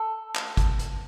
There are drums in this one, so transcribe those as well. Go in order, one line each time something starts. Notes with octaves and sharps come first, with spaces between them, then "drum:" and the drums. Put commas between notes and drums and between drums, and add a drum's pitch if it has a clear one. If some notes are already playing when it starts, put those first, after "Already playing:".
Already playing: A4
drum: clap
drum: kick, hi-hat
drum: hi-hat